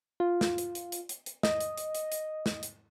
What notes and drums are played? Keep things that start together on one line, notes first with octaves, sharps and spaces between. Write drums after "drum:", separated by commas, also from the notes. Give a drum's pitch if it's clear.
F4
drum: snare
drum: hi-hat
drum: hi-hat
drum: hi-hat
drum: hi-hat
drum: hi-hat
D#5, drum: snare
drum: hi-hat
drum: hi-hat
drum: hi-hat
drum: hi-hat
drum: snare
drum: hi-hat